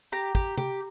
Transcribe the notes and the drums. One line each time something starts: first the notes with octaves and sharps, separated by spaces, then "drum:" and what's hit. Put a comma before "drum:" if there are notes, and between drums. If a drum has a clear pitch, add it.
G4 A#5
G4, drum: kick
G4, drum: tom